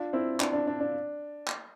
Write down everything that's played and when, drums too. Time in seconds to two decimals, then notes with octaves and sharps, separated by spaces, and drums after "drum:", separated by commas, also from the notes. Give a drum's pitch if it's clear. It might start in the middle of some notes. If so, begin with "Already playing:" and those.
Already playing: D4 F4
0.13 C4 E4
0.40 D4, drum: clap
0.53 D4
0.67 D4
0.80 D4
1.48 drum: clap